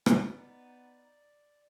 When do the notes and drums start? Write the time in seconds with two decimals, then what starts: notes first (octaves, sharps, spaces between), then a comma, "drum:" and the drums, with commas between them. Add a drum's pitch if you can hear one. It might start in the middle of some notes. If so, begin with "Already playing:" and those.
0.06 B3 D#4 D5 A#5 B5 F#6, drum: rim click